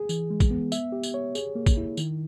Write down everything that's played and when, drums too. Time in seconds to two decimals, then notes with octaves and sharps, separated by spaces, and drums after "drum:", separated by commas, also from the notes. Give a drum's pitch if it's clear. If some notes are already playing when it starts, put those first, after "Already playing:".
Already playing: G#4
0.09 E3, drum: tambourine
0.30 G#3
0.40 drum: kick, tambourine
0.51 B3
0.72 E5, drum: tambourine
0.92 G4
1.03 drum: tambourine
1.14 C#5
1.35 G#4, drum: tambourine
1.55 A#3
1.66 drum: kick, tambourine
1.77 E4
1.97 D#3, drum: tambourine